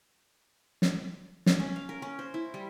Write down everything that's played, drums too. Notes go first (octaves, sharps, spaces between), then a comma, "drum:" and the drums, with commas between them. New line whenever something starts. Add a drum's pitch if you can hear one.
drum: snare
drum: snare
C#4
F5
A#4
C#4
C5
E4
G3